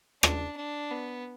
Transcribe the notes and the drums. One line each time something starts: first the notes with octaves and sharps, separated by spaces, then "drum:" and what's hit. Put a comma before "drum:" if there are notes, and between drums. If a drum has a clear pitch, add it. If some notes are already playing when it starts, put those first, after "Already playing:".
D4, drum: rim click
D4
B3